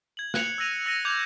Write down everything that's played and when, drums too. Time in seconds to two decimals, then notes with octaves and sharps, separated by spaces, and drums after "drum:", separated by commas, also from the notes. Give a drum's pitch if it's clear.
0.17 G#6 F#7
0.34 F#6 G#6 C#7 F7 F#7, drum: snare
0.58 E6 F#6 A#6 D#7 F7
0.86 E6 A#6 D#7
1.05 D6 G6 G#6 F7